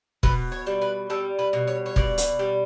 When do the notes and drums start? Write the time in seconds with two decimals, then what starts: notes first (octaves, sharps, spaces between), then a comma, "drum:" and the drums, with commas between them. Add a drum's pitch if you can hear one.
0.23 B2 B4, drum: kick
0.52 C#5
0.66 G3
0.81 B4
1.10 G3 A4
1.39 B4
1.53 B2
1.67 C#5
1.86 C#5
1.96 B2 D5, drum: kick
2.18 drum: hi-hat
2.39 G3